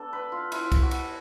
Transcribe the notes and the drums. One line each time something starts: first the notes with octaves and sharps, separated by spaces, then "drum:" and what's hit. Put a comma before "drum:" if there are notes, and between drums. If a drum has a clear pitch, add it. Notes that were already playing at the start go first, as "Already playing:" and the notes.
Already playing: B3 D4 A4
B4
F4
E4, drum: cymbal
drum: kick C2, cymbal
F#4
drum: cymbal